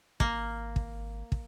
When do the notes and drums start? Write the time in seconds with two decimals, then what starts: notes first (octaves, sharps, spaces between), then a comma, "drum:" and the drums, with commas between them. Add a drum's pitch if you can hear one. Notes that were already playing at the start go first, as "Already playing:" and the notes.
0.20 G#1 A#3, drum: kick
0.76 drum: kick
1.32 drum: kick